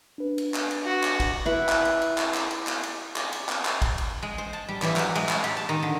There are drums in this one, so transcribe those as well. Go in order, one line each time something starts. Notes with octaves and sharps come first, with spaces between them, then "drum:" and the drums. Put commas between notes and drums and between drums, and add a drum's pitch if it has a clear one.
D4 B4
drum: cymbal
drum: clap
drum: cymbal
F#4
drum: clap
drum: kick, cymbal
E4 B4
drum: clap
drum: cymbal
drum: cymbal
drum: clap
drum: clap
drum: cymbal
drum: clap
drum: cymbal
drum: clap
drum: cymbal
drum: clap
drum: clap
drum: kick, cymbal
drum: cymbal
G#3
C5
A5
G3
E3, drum: clap
F#3, drum: clap
G#3, drum: cymbal
drum: clap
G4, drum: cymbal
A5
D#3
D3